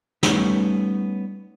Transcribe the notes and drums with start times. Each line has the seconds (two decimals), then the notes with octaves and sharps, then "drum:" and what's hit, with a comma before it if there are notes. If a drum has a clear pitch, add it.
0.23 G3 A3 B3 C#4 D#4 G4, drum: snare